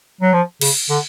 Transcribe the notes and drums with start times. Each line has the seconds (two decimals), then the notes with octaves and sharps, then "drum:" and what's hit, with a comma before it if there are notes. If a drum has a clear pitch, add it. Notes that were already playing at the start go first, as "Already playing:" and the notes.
0.21 F#3
0.33 F3
0.61 C#3, drum: cymbal
0.90 D3